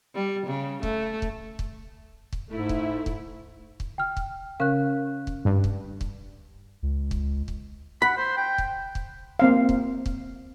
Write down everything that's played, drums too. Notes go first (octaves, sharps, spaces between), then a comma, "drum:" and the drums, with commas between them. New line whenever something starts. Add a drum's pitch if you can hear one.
G3
C#3
A3, drum: kick
drum: kick
drum: kick
drum: kick
G#2 A3 E4
drum: kick
drum: kick
drum: kick
G5 F6
drum: kick
C#3 C#4 A#4 F5 F#6
drum: kick
G2
drum: kick
drum: kick
C#2
drum: kick
drum: kick
F#5 B5
C5
G5
drum: kick
drum: kick
A#3 C4 F5
drum: kick
drum: kick